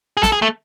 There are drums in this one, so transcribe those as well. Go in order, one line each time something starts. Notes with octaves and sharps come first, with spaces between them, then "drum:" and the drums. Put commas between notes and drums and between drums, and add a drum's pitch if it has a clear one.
G#4
A4, drum: snare
G#4
A3